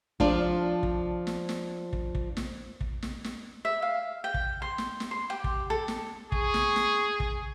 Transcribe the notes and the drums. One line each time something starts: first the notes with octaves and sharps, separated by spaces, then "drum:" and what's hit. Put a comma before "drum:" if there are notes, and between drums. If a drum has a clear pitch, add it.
F3 D4 F4, drum: kick
drum: kick
drum: snare
drum: snare
drum: kick
drum: kick
drum: snare
drum: kick
drum: snare
drum: snare
E5
F5
G5
drum: kick
C6
drum: snare
drum: snare
C6
G4
drum: kick
A4
drum: snare
G#4 C#6, drum: kick
drum: snare
drum: snare
drum: kick